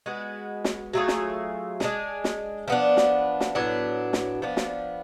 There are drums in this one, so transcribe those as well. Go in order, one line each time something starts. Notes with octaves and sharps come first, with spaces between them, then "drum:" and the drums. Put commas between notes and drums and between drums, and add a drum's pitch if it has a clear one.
G#3 B3 F#4
drum: snare
F#3 A3 F4 G#4
drum: snare
G#3 D4 G#4, drum: snare
drum: snare
F3 B3 D4
drum: snare
drum: snare
A2 F#3 B3 D4
drum: snare
F3 B3 D4
drum: snare